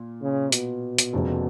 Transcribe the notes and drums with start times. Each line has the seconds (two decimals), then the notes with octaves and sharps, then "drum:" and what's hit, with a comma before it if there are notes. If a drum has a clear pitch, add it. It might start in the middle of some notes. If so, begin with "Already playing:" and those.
Already playing: A#2
0.22 C#3
0.52 B2, drum: hi-hat
0.98 drum: hi-hat
1.13 F1 F2 C#3